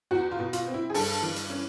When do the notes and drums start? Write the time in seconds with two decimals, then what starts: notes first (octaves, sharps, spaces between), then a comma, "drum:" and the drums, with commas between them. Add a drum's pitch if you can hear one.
0.11 E2 F#4
0.31 F4
0.39 B2
0.53 F4, drum: hi-hat
0.67 C4
0.74 E4
0.90 G#4
0.94 G2 A4, drum: open hi-hat
1.22 E3
1.36 drum: hi-hat
1.50 C#4